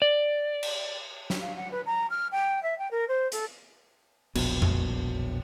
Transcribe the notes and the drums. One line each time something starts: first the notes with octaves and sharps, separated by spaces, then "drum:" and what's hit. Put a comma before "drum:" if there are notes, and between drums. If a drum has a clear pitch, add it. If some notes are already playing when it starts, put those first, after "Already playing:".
D5
drum: cymbal
drum: snare
F5
F#5
B4
A#5
F6
G5
E5
G5
A#4
C5
A4, drum: hi-hat
E1 A#1 B2, drum: cymbal
drum: tom F2